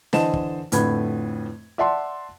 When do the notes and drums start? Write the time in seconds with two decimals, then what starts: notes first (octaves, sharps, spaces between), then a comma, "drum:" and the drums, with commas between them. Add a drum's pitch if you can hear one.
0.13 D3 E3 C5 D#5 A5 E7, drum: snare
0.34 drum: kick
0.72 F2 A2 D3 B4 B5 G#6, drum: hi-hat
1.78 D5 E5 F#5 A5 C6